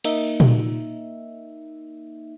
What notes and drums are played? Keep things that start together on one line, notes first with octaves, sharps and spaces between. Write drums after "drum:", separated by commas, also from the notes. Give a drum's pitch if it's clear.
A#3 D#4 E5, drum: cymbal
drum: tom A#2